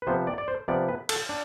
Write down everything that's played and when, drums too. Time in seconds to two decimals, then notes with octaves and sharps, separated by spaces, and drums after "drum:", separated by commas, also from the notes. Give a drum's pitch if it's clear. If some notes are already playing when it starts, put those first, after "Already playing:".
0.02 B4
0.07 C3 F3 B3 C5
0.27 D5
0.38 D5
0.48 C5
0.68 C3 F3 B3 D5
0.89 B4
1.09 A4, drum: cymbal
1.29 D4